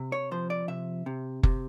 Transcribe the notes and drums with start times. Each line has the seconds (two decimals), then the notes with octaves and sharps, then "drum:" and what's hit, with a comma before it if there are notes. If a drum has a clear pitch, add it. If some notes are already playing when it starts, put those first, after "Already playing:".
Already playing: C3
0.12 C#5
0.31 F3 C5
0.50 D5
0.68 C3 E5
1.06 C3
1.43 C3, drum: kick F#1